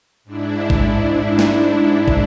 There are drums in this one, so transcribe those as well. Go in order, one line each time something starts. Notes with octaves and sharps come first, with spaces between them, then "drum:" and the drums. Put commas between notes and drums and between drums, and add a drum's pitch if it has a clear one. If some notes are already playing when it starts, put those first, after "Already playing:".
G#2 D4 E4
drum: kick
drum: snare
drum: kick